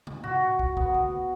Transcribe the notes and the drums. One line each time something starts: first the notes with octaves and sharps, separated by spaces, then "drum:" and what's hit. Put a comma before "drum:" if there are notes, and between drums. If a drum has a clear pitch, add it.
drum: tom
F#4, drum: tom G#2
drum: kick
B3, drum: kick
drum: tom D3